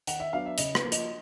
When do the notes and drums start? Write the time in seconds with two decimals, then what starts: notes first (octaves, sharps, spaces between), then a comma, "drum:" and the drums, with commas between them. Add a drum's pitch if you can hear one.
0.07 D#3 F#5, drum: hi-hat
0.20 E5
0.33 F#3 B3 D4 F5
0.46 E5
0.58 C#3 D#5, drum: hi-hat
0.75 B4, drum: rim click
0.84 F3 A#3
0.92 D#5, drum: hi-hat